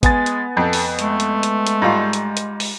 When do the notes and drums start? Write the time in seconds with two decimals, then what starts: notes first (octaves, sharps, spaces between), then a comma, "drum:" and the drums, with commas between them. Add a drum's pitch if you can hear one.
0.03 G#3 B3 G#5 A6, drum: kick G#1, hi-hat
0.26 drum: hi-hat
0.57 F2 A4
0.73 drum: open hi-hat
0.99 G#3 A3, drum: hi-hat
1.20 drum: hi-hat
1.43 drum: hi-hat
1.67 drum: hi-hat
1.82 G#2 G3 F4
2.13 drum: hi-hat
2.37 drum: hi-hat
2.60 drum: open hi-hat